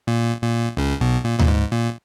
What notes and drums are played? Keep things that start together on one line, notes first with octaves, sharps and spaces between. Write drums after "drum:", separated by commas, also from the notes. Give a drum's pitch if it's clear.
A#2
A#2
C#2 C#3
B1 B2
A#2
A#2, drum: tom D2
G#2
A#2